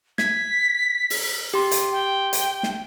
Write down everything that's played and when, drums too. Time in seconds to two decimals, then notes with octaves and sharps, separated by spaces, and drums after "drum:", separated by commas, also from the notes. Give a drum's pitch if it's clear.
0.18 G#6 B6, drum: snare
1.10 drum: open hi-hat
1.54 G4 C6
1.71 drum: hi-hat
1.92 G5
2.33 drum: hi-hat
2.63 drum: snare